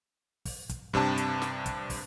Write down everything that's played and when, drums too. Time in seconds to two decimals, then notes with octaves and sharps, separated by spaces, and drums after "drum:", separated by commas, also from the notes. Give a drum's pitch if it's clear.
0.45 drum: kick, open hi-hat
0.69 drum: kick, hi-hat
0.94 G2 C3 D4 A5, drum: kick
1.18 drum: hi-hat
1.42 drum: snare
1.66 drum: kick, hi-hat
1.90 drum: kick, open hi-hat